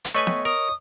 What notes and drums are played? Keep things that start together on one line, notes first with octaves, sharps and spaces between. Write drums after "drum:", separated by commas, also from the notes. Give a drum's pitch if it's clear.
drum: hi-hat
A3 B4 C#5 D#5 G#5 C#6
drum: snare B3
A#4 D#6